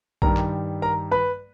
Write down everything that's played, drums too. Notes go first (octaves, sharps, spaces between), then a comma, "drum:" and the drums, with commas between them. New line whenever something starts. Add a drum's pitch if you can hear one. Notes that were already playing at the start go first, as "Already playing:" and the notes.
G2 D#3 G3 A#4 A#5, drum: kick A#1
drum: clap
A#4 A#5
B4 B5